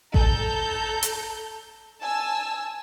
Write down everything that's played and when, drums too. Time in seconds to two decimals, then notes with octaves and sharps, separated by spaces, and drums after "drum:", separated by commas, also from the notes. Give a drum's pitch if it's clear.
0.14 A4 A#5 G6, drum: kick A1
1.03 drum: hi-hat
2.01 G#5 A5 E6